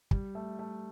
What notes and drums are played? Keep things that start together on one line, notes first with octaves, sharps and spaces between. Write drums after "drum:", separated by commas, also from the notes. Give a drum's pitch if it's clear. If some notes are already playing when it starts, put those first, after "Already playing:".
G3, drum: kick
A3
A3